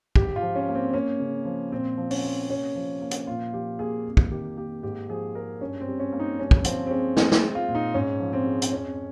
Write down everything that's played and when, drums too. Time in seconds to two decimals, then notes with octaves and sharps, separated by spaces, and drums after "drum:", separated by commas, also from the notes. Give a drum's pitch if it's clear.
0.16 G#2 G4, drum: kick
0.36 F4
0.42 F3
0.55 C#4
0.69 A#3
0.75 C4
0.93 A#3 C#4
1.20 C#3
1.45 F3
1.71 A#2 C4
1.97 F3
2.11 C#4, drum: open hi-hat
2.24 A#3
2.49 C3 C#4
2.75 F3
3.01 A#3
3.11 drum: hi-hat
3.27 A#2 F4
3.53 F3 G4
3.79 A#3 G#4
4.05 F2
4.17 drum: kick
4.31 D#3 G4
4.57 A#3 G4
4.83 G#2 G4
5.09 F3 G#4
5.35 G#3 A#4
5.60 G2 C#4
5.81 C4
5.87 G3
6.00 C#4
6.12 A#3
6.20 D#4
6.39 G2 C#4
6.51 drum: kick
6.64 F3 C4, drum: hi-hat
6.87 C4
6.90 G#3 C#4
7.17 G#3 C4, drum: snare
7.32 drum: snare
7.42 G#3
7.55 F4
7.68 A#2
7.75 D#4
7.94 G#2 C#4
8.20 F3
8.33 C4
8.46 G#3
8.62 drum: hi-hat
8.72 F2 C#4